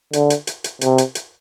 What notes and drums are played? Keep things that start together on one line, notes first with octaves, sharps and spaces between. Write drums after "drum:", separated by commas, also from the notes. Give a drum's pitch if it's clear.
D3, drum: hi-hat
drum: hi-hat
drum: hi-hat
drum: hi-hat
C3, drum: hi-hat
drum: hi-hat
drum: hi-hat